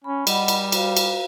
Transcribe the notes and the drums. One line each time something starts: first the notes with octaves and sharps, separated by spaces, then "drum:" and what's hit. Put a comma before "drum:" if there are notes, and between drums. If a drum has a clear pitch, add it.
C#4 B5
G3 D#5 F#5 B5, drum: cymbal
drum: cymbal
F#4 C5 F5, drum: cymbal
drum: cymbal